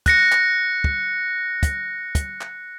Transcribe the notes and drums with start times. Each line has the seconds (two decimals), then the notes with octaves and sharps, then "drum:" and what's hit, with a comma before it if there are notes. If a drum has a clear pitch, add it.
0.06 F#6 A#6 C#7, drum: kick, hi-hat
0.32 drum: clap
0.84 drum: kick
1.63 drum: kick, hi-hat
2.15 drum: kick, hi-hat
2.41 drum: clap